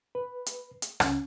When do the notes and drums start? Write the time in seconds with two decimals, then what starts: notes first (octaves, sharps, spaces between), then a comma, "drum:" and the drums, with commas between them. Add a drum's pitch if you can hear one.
0.15 B4
0.46 drum: hi-hat
0.82 drum: hi-hat
1.00 C#2 C#4, drum: rim click